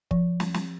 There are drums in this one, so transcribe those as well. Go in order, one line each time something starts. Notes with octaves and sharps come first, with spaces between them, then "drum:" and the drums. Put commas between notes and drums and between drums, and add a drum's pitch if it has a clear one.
F3, drum: kick
drum: snare
drum: snare